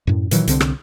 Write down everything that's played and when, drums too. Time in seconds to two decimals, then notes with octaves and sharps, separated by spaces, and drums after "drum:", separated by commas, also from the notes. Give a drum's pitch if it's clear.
0.07 F#2 A2
0.31 A#2 D#3 E3 F#3, drum: hi-hat
0.47 C2 D3 C4, drum: hi-hat
0.60 drum: rim click